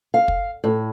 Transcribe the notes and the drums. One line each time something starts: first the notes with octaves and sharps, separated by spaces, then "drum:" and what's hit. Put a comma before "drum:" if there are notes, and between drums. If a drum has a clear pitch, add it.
F5
drum: kick
A2